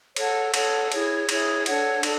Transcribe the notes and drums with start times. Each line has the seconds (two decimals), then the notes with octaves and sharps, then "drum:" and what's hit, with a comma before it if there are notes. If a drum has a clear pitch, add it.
0.16 A4 C#5 F#5 A5, drum: cymbal
0.54 A4 C#5 F#5 A5, drum: cymbal
0.92 E4 G#4 C#5, drum: cymbal
1.29 E4 G#4 C#5, drum: cymbal
1.66 D4 A4 C#5 F#5, drum: cymbal
2.03 D4 A4, drum: cymbal